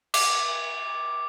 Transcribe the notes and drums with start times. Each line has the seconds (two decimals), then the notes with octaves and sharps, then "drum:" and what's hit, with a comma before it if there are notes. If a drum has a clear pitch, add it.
0.14 D6, drum: cymbal